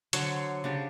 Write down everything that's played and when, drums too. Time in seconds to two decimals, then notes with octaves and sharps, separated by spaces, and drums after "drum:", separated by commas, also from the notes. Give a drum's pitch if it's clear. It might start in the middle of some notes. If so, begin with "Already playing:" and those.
0.13 D3 F#3 C5 C#5, drum: hi-hat
0.64 C#3 D4 G4